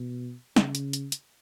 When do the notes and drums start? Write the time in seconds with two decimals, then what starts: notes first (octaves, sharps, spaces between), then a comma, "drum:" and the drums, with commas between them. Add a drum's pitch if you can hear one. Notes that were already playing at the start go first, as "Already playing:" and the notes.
Already playing: B2
0.56 C#3, drum: snare
0.75 drum: hi-hat
0.93 drum: hi-hat
1.12 drum: hi-hat